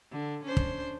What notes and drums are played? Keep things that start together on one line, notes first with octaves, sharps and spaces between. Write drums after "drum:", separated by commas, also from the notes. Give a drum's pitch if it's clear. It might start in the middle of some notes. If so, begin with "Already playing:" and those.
D3
C#4 D4 C5
drum: kick